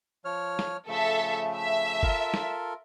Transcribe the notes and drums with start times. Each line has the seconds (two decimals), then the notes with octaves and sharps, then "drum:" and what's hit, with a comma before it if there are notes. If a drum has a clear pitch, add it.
0.25 F3 C#5 F6
0.59 drum: snare
0.88 C#3 F3 A3 A4 E5
1.57 E5
2.03 F4 A4 A#4, drum: kick
2.34 drum: snare